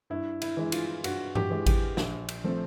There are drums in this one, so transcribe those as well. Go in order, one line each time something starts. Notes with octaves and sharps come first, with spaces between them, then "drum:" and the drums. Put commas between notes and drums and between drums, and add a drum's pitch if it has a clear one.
G2 E4
E4, drum: cymbal
E3 G#3
F4, drum: cymbal
G2 F#4, drum: cymbal
G4, drum: tom G2
E3 G#3
G4, drum: kick G#1, cymbal
A#1, drum: snare
drum: cymbal
F3 A3 C4